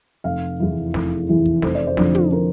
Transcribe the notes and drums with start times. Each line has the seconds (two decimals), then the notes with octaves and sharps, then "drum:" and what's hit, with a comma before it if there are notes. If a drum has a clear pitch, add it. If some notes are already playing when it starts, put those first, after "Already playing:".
0.24 F1 F5
0.60 E2 E3
0.94 F1, drum: snare
1.29 E2 E3
1.46 drum: kick
1.62 F1 C5, drum: snare
1.75 D5
1.87 C5
1.97 F2 D3 F3, drum: snare
2.15 drum: tom
2.32 A#4